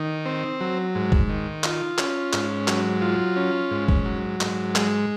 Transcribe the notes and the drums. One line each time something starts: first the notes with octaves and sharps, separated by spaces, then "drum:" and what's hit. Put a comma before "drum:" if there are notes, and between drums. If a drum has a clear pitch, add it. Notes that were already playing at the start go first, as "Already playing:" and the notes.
Already playing: D#3
C4
F#3
G#2
drum: kick
D#3
F4, drum: clap
C#4, drum: clap
G#2, drum: clap
F#3, drum: clap
F4
C#4
G#2
drum: kick
F#3
G#2, drum: clap
G#3, drum: clap